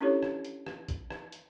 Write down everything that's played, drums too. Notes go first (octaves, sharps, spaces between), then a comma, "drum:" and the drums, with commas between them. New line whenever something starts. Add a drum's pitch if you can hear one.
C#4 D4 E4 G4 A4 C#5
drum: rim click
drum: hi-hat
drum: rim click
drum: kick, hi-hat
drum: rim click
drum: hi-hat